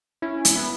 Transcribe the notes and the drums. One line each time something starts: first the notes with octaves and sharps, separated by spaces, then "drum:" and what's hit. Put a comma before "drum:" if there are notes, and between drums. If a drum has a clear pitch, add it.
C#4 E4
drum: hi-hat
B3 E4